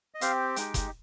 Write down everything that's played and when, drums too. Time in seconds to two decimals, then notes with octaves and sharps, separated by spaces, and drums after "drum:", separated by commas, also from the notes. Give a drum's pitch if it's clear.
0.14 D#5
0.21 C4 G4 F5, drum: hi-hat
0.56 G#3 D#4 G4 G5, drum: hi-hat
0.74 drum: kick F#1, hi-hat